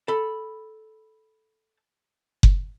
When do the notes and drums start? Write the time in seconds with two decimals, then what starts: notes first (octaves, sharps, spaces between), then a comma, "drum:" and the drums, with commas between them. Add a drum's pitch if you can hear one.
0.08 A4 B5
2.43 drum: kick F#1